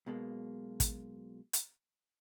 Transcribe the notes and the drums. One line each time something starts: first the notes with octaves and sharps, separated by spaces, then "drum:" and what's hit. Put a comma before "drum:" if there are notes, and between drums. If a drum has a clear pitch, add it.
B1 B2 G#3 A#3
drum: kick, hi-hat
drum: hi-hat